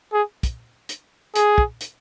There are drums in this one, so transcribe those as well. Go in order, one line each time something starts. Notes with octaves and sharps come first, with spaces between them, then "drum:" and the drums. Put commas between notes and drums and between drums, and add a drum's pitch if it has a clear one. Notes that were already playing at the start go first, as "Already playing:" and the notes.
G#4
drum: kick, hi-hat
drum: hi-hat
G#4, drum: hi-hat
drum: kick
drum: hi-hat